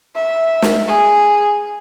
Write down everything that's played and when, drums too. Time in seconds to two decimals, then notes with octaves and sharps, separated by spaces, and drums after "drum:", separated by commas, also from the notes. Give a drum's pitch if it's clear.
0.16 E5
0.62 drum: snare
0.88 G#4